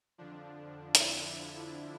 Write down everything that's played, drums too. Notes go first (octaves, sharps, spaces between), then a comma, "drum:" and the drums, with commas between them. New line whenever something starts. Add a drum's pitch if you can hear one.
F2 D3 F3 D4
E4, drum: hi-hat